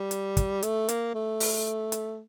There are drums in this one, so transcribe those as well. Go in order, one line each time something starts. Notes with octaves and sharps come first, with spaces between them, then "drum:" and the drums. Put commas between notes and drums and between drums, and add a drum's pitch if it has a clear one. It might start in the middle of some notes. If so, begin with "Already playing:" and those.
Already playing: G3
drum: hi-hat
drum: kick, hi-hat
A3, drum: hi-hat
A#3, drum: hi-hat
A3
drum: open hi-hat
drum: hi-hat